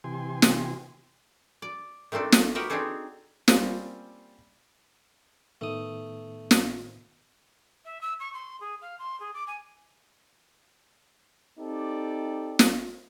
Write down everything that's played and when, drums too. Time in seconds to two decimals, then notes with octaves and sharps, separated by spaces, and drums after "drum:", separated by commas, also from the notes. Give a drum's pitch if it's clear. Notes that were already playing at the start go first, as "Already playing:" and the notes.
0.04 C3 E3 G4 G#5 C6
0.42 drum: snare
1.62 D5
2.12 D#3 A3 C4 D4 A4
2.32 drum: snare
2.55 F#4 G4 A#4 B4 D#5 E5
2.70 C4 D4 D#4 G#4 A4
3.48 G3 A#3 C4 C#4 F4 G4, drum: snare
5.61 A2 D#3 A3 B3 D#6
6.51 drum: snare
7.85 E5
8.01 E6
8.20 C#6
8.33 C6
8.61 G#4
8.82 F5
8.99 C6
9.20 G#4
9.34 D6
9.47 G#5
11.58 C4 D#4 G4 A4 D5
12.59 drum: snare